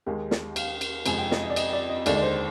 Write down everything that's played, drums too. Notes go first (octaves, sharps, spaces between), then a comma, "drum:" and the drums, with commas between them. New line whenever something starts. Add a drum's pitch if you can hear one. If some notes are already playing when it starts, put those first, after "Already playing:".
D#2 D#3 G#3 G4
drum: snare
F5, drum: cymbal
drum: cymbal
F2 C3 F3 G#3 G#5, drum: cymbal
G5
D#5, drum: snare
D#5
D5
D#5, drum: cymbal
D5
D#5
D#2 D3 G#3 D5, drum: cymbal
D5
C5